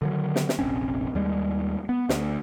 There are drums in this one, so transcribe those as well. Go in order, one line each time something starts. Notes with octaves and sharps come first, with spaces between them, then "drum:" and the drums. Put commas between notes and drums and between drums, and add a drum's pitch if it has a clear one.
D3 D#3 F#3
drum: snare
drum: snare
F1 A#1 C4 C#4
D#2 G3 G#3
B3
D2, drum: snare